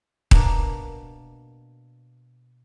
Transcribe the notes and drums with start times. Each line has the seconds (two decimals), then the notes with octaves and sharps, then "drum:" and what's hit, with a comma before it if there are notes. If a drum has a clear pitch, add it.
0.31 B2 A#3 D4 A#4, drum: kick D#1